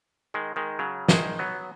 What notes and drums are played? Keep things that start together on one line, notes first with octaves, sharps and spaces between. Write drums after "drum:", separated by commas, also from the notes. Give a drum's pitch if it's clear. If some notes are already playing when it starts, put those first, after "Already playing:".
D#3 G#3
D#3 G#3
C#3 F#3
D#3 G#3, drum: snare
F#3 B3